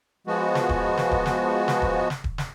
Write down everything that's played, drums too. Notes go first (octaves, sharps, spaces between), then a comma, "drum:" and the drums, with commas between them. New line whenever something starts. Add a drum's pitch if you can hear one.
F3 G#3 B3 F#4
drum: snare
drum: kick D#1
drum: snare
drum: kick D#1
drum: snare
drum: snare
drum: kick D#1
drum: snare
drum: kick D#1
drum: snare